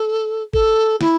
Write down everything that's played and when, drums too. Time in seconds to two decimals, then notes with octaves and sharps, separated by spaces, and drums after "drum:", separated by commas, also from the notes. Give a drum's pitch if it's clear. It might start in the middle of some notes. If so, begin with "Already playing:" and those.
Already playing: A4
0.53 A4, drum: kick
1.01 E4, drum: snare